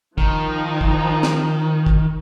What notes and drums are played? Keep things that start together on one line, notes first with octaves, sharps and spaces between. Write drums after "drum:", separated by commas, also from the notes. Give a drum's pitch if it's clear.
D#3 F3 D#4, drum: kick
drum: kick
drum: snare
drum: kick